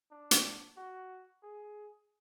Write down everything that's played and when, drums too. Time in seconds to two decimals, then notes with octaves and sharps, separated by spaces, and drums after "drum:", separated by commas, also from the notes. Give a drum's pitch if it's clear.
0.11 D4
0.31 drum: hi-hat
0.77 F#4
1.43 G#4